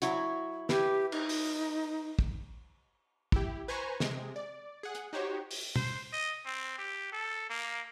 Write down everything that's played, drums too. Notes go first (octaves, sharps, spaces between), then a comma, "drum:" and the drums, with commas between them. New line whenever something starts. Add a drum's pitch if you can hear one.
F#3 E4 F#4, drum: hi-hat
E4 G4 B4, drum: snare
D#4, drum: cymbal
drum: open hi-hat
drum: kick
E4 G4, drum: kick
B4 C5 G#5 A#5 C#6
C3 G#3, drum: snare
D5
G#4 F#5
drum: hi-hat
D#4 F#4 G4 C5 C#5
drum: open hi-hat
C5, drum: tom
D#5
C4
G4
A4
A#3